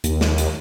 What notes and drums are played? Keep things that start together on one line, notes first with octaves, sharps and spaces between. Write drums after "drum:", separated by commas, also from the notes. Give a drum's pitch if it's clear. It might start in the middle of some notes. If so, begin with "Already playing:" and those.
D#2, drum: hi-hat
drum: snare
drum: hi-hat